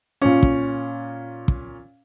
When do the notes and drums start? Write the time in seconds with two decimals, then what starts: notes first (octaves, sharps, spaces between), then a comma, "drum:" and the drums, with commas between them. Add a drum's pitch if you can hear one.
0.22 A#2 C#4
0.43 drum: kick
1.48 drum: kick